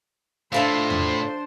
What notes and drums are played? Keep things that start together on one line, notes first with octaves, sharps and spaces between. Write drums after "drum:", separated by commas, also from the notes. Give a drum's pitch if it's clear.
A2 D4 F4 A4 C5 E5
drum: tom E2